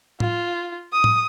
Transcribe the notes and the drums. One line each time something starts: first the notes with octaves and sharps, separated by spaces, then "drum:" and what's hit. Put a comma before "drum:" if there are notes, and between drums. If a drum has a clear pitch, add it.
F4, drum: tom A2
D#6
drum: tom A2